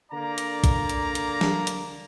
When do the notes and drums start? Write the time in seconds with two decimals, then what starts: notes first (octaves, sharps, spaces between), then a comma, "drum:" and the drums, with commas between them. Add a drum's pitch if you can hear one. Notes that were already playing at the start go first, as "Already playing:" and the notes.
0.12 D3 A#3 D5 A#5
0.38 drum: hi-hat
0.64 drum: kick A#1, hi-hat
0.89 drum: hi-hat
1.15 drum: hi-hat
1.41 drum: snare
1.67 drum: hi-hat